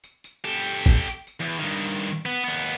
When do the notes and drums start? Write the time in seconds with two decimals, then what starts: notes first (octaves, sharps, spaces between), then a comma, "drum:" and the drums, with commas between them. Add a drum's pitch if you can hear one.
0.04 drum: tambourine
0.24 drum: tambourine
0.45 G4 A4, drum: tambourine
0.65 drum: tambourine
0.86 drum: kick, tambourine
1.27 drum: tambourine
1.40 E2
1.59 G2 D#3
1.89 drum: tambourine
2.26 B3
2.44 D#2 B3